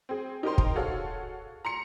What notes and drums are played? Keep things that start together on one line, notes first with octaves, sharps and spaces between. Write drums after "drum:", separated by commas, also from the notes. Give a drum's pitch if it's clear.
C4 G#4
D#4 G4 A#4 C5 C6
drum: kick
F#4 G#4 A4 C#5 F5
A#5 C6 C#7